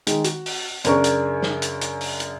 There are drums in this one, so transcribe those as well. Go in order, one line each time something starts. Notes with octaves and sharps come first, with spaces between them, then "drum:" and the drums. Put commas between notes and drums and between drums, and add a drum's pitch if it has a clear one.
D#3 G#3, drum: hi-hat
F#4, drum: hi-hat
drum: open hi-hat
F#2 C#3 D4 A#4 C#5 C#6, drum: hi-hat
drum: hi-hat
drum: snare
drum: hi-hat
drum: hi-hat
drum: open hi-hat
drum: hi-hat